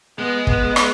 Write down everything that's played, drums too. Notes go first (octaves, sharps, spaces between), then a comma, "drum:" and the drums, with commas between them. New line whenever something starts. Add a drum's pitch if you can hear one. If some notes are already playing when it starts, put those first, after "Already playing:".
G#3 B3
B3, drum: kick
drum: rim click